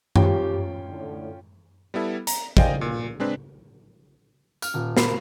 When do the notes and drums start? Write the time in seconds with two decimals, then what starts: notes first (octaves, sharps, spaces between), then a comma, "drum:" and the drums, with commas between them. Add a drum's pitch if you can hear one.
0.16 C#4 F4 G4 G5, drum: tom F#2
0.87 A2 D3
1.94 G3 B3 E4 A4
2.27 A#5, drum: hi-hat
2.57 C5 D5 D#5 F5 G5 G#5, drum: kick
2.81 A#2
3.20 G#3 C4 D4 B4
4.62 F6, drum: tambourine
4.74 D#1
4.97 A#4 B5 C7, drum: snare